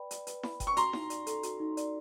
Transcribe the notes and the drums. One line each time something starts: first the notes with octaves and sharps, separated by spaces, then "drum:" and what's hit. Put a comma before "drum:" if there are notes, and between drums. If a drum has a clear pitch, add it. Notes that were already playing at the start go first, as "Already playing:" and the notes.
Already playing: B4 D5 G5 B5
D5, drum: hi-hat
B4, drum: hi-hat
B5, drum: snare E4
G5, drum: kick F#1, hi-hat
C#6
F#4 A#5 C6, drum: hi-hat
D#4, drum: snare E4
D5, drum: hi-hat
A4, drum: hi-hat
F#4, drum: hi-hat
D#4
D5, drum: hi-hat